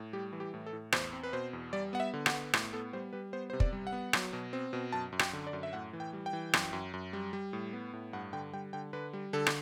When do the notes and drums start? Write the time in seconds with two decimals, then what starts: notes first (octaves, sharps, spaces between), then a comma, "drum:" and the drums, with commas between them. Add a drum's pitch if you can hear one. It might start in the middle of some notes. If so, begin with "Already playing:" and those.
Already playing: A2
0.13 G3 G4
0.33 E3
0.40 G4
0.54 A2
0.66 A4
0.73 A2
0.92 E2 C5, drum: rim click
1.13 C4
1.23 B4
1.33 B2 C5
1.53 E2
1.73 G3 D5
1.93 B3 F#5
2.00 E5
2.14 D3
2.26 F#5, drum: rim click
2.33 B3
2.53 A2, drum: rim click
2.73 B3 A4
2.93 G3 C5
3.13 G3 B4
3.33 B3 C5
3.50 C3 C5
3.60 D5, drum: kick
3.73 G3
3.87 F#5
3.93 B3
4.13 F#3, drum: rim click
4.33 B2
4.53 C4
4.73 B2
4.93 F#2 A5
5.13 F#2
5.19 G5, drum: rim click
5.33 D3
5.47 D5
5.53 F#2
5.63 E5
5.73 A2 F#5
5.93 E3
6.00 G5
6.13 G3
6.26 G5
6.33 E3
6.53 F#2, drum: rim click
6.73 F#2
6.94 F#2
7.13 G3
7.33 G3
7.53 A2
7.73 B3
7.93 A2
8.13 G2 F#5
8.33 D3 G5
8.53 G3 G5
8.73 D3 G5
8.93 D3 B4
9.13 G3
9.33 D3 A4
9.46 drum: rim click